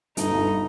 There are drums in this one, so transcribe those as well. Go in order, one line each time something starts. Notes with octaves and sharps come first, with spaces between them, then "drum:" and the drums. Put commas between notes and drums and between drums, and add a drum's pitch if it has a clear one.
G1 D#4, drum: hi-hat
G1